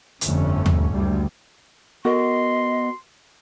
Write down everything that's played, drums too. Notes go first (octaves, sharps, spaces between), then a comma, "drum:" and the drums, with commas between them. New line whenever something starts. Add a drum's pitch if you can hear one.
G1 F2 D3 A3 C#4, drum: hi-hat
drum: tom D#2
F#1 D2 G3
B3 F#4 A#4 D#5 C6